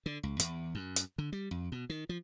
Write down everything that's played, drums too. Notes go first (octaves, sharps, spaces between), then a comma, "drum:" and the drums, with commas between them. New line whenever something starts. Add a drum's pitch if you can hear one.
D3
C#2
E2, drum: hi-hat
F#2
drum: hi-hat
D3
G3
F2
B2
D#3
F3